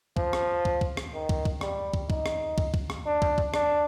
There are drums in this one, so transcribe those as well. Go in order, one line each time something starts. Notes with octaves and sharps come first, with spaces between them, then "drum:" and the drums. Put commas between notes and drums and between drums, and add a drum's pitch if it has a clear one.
F3, drum: kick
drum: rim click
drum: kick
drum: kick
drum: rim click
D#3
drum: kick
drum: kick
G3, drum: rim click
drum: kick
D#4, drum: kick
drum: rim click
drum: kick
drum: kick
drum: rim click
D4
drum: kick
drum: kick
D4, drum: rim click